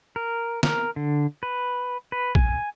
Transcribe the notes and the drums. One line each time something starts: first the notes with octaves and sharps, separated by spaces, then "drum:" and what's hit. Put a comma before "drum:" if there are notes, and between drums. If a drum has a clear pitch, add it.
A#4
A#4, drum: snare
D3
B4
B4
G#5, drum: kick